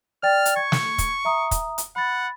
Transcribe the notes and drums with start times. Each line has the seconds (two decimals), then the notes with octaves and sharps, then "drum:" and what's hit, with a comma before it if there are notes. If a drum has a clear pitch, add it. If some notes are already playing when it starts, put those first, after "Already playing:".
0.23 D5 G5 F6 A6
0.45 drum: hi-hat
0.56 C#6 G#6
0.72 drum: snare
0.98 drum: kick, hi-hat
1.25 E5 A#5 D#6
1.51 drum: kick, hi-hat
1.78 drum: hi-hat
1.96 F#5 B5 A6